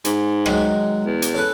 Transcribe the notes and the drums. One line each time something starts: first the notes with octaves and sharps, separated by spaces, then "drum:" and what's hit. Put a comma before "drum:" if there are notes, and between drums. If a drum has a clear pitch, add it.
G#2, drum: hi-hat
D#3 F#3 G#3, drum: rim click
E2
drum: hi-hat
C#4 A4 B4